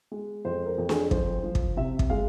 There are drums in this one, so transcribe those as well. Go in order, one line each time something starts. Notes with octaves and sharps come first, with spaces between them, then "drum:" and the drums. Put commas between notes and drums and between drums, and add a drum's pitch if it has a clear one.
G#3
F2 C5
A#4
F2
G#4, drum: snare
F3 C5, drum: kick
F3
drum: kick
C3 E5
drum: kick
G#3 F5